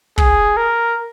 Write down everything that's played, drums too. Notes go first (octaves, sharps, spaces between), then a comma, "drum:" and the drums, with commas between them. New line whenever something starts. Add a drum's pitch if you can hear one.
G#4, drum: kick
A#4